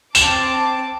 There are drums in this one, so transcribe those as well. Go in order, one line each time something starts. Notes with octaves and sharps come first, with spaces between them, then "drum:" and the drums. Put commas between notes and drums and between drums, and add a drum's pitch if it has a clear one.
C4 A5 D6 E7, drum: tambourine